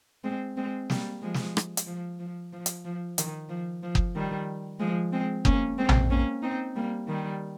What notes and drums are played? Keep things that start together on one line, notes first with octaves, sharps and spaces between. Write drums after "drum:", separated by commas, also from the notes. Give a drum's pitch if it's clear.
G#3 C4
G#3 C4
G3 A#3, drum: snare
F3 G#3
drum: snare
drum: rim click
drum: hi-hat
F3
F3
F3
drum: hi-hat
F3
D#3, drum: hi-hat
F3
F3
drum: kick F#1
D#3 G3
F3 G#3
G#3 C4
A#3 C#4, drum: kick F#1
G#3 C4
drum: tom A#1
A#3 C#4
C4 D#4
G3 A#3
D#3 G3